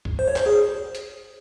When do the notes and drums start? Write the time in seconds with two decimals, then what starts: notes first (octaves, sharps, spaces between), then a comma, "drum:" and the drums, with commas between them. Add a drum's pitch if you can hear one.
0.05 drum: kick
0.19 C5
0.28 C#5
0.36 C5, drum: clap
0.46 G#4
0.95 drum: hi-hat